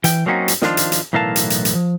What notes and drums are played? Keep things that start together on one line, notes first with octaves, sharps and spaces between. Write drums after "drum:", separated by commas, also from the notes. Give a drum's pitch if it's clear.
E3 G5, drum: hi-hat
F#3 A#3 C4 C#4 D#4 F#4
drum: hi-hat
D#3 F3 D4 F4, drum: snare
drum: hi-hat
drum: hi-hat
B1 A2 E3 A#4 F5 A5
drum: hi-hat
drum: hi-hat
drum: hi-hat
F3